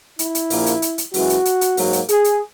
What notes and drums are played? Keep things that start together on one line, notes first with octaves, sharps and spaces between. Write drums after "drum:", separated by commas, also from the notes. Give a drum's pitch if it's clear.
E4, drum: hi-hat
drum: hi-hat
A#1 A#2 A#3, drum: open hi-hat
drum: hi-hat
drum: hi-hat
drum: hi-hat
F#2 E3 G#3 F#4, drum: open hi-hat
drum: hi-hat
drum: hi-hat
drum: hi-hat
G#2 F#3 A#3, drum: open hi-hat
drum: hi-hat
G#4, drum: hi-hat
drum: hi-hat